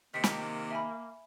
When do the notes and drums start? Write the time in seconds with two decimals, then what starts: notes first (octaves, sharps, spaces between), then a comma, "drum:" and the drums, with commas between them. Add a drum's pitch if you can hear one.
0.14 C3 D#3 A#3 B6 C#7
0.24 drum: snare
0.71 E5 G#5 B5